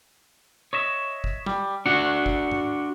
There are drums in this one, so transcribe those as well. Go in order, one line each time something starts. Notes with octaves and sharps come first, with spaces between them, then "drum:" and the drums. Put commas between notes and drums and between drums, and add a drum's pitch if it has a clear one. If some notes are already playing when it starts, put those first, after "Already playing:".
C#5 D#5 E5
drum: kick
G3, drum: tom
D4 F#4 F#5
drum: kick
drum: tom